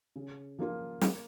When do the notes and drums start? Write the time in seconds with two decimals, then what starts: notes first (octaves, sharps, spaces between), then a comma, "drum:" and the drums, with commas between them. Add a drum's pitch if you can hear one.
0.16 C#3
0.59 F3 A#3 F4 A#4
1.01 A#3, drum: snare